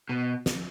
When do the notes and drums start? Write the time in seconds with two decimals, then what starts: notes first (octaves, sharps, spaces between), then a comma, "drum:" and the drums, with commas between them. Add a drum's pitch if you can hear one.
0.09 B2
0.46 drum: snare